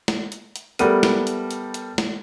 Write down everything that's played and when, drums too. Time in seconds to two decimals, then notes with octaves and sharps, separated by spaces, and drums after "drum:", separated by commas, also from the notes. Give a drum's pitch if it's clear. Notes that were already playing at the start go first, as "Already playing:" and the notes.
0.08 drum: snare
0.32 drum: hi-hat
0.56 drum: hi-hat
0.79 G3 A3 B3 A#4 D#7, drum: hi-hat
1.03 drum: snare
1.27 drum: hi-hat
1.51 drum: hi-hat
1.74 drum: hi-hat
1.98 drum: snare